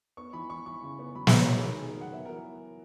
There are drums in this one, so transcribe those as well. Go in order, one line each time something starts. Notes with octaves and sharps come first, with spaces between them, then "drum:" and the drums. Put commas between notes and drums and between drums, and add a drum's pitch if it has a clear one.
B3 C#6
E3 B5
E3 C#6
E3 C#6
C#3
B3
F#3 B5
F#3 A#5, drum: snare
C#5
D#3 G#4
D#3 A#4
D#3 G#4
A#4
F#3 F#5
B3 E5
E3 A#4